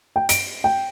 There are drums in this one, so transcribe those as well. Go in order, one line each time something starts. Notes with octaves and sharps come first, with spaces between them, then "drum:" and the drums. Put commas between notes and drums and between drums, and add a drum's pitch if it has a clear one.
G5
D7, drum: hi-hat
G5